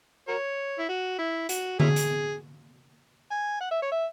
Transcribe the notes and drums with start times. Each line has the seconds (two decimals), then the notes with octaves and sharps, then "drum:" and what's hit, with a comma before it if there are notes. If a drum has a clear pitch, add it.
0.28 F#4 A#4 C#5
0.79 E4
0.88 F#4
1.18 E4
1.49 F#4, drum: hi-hat
1.80 C#4 E4 G#4, drum: tom D3
1.96 drum: hi-hat
3.31 G#5
3.61 F#5
3.71 E5
3.82 C#5
3.92 E5